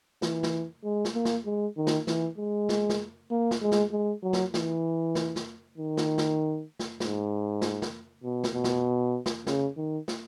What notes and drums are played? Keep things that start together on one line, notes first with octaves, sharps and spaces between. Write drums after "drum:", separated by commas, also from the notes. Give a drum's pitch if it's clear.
E3, drum: snare
drum: snare
G#3
drum: snare
A#3
drum: snare
G#3
D#3
drum: snare
E3, drum: snare
G#3
drum: snare
drum: snare
A#3
drum: snare
G#3
drum: snare
G#3
F#3
drum: snare
E3, drum: snare
drum: snare
drum: snare
D#3
drum: snare
drum: snare
drum: snare
G#2, drum: snare
drum: snare
drum: snare
B2
drum: snare
B2
drum: snare
drum: snare
C#3, drum: snare
D#3
drum: snare